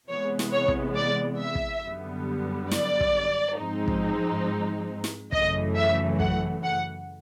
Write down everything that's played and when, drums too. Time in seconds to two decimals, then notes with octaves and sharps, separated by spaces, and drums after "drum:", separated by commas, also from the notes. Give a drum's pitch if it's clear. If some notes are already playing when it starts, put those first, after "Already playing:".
0.10 C3 E3 G#3 B3 C#5
0.39 drum: snare
0.53 C#5
0.68 drum: kick
0.97 D5
1.41 E5
1.55 drum: kick
1.84 F#2 D3 G3 B3
2.71 D5, drum: snare
3.00 drum: kick
3.59 G#2 F3 G#3 C4 D#4
3.88 drum: kick
5.04 drum: snare
5.32 F#2 C#3 E3 A3 D#5, drum: kick
5.76 E5
6.20 F#5, drum: kick
6.64 F#5